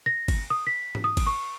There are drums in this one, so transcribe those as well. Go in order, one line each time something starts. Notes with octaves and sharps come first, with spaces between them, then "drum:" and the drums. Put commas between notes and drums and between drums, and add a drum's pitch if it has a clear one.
A#6
drum: kick G1, cymbal
D#6
B6
drum: tom G#2
D#6
drum: kick G1, cymbal
C#6